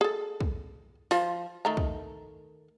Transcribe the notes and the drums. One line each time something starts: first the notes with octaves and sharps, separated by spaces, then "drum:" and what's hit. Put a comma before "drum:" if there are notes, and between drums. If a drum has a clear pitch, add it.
G#4 A4
drum: kick
F3 F4, drum: open hi-hat
D#3 A3 A#5
drum: kick